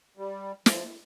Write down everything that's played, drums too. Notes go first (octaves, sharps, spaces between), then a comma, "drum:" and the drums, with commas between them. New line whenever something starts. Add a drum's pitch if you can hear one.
G3
F3, drum: snare